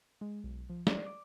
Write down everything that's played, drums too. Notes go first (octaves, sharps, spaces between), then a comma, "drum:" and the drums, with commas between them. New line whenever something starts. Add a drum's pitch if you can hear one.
G#3
B1
F3
D5, drum: snare
D6